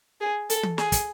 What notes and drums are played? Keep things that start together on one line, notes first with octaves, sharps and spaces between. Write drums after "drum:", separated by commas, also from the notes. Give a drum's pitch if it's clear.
G#4
A4, drum: hi-hat
drum: tom
G#4, drum: snare
drum: kick, hi-hat